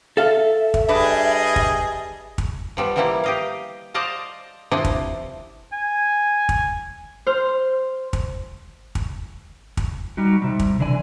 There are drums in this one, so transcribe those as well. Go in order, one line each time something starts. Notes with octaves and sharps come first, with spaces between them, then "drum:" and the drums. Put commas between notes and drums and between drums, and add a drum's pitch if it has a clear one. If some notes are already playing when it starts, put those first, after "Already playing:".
A4 E5 F5
drum: kick
G3 D4 G#4 B4 D#5
drum: kick
drum: kick
F3 G3 B3
E3 F3 G3 A#3 E4
G4 D#5 F5
C5 D5 D#5 F5 A5
C3 F3 D4 E4 D#5
drum: kick
G#5
drum: kick
C5 F6
drum: kick
drum: kick
drum: kick
G3 D#4 F#4
C3 G3
drum: kick
D3 E3 D5 G#5